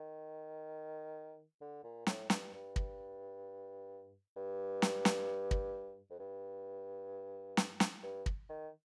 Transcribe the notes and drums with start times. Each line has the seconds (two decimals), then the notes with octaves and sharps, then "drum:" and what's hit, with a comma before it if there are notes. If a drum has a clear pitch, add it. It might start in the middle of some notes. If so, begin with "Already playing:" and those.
Already playing: D#3
1.61 D3
1.84 A#2
2.07 A2, drum: snare
2.30 G2, drum: snare
2.53 G2
2.76 drum: kick
4.36 G2
4.82 drum: snare
5.05 drum: snare
5.51 drum: kick
6.10 F2
6.19 G2
7.57 drum: snare
7.80 drum: snare
8.03 G2
8.26 drum: kick
8.49 D#3